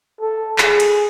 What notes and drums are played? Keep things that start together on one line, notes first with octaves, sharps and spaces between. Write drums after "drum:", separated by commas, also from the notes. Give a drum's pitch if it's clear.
A4
G#4, drum: clap
drum: cymbal